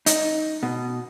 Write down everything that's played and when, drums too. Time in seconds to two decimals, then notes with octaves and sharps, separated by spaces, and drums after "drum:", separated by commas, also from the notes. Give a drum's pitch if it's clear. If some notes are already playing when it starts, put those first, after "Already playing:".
0.06 D#4, drum: hi-hat
0.63 B2